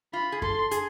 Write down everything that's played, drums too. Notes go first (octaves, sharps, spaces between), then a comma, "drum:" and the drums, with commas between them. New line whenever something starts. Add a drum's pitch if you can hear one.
F4 B5
G#4
A4 C6, drum: kick F#2
G#4, drum: hi-hat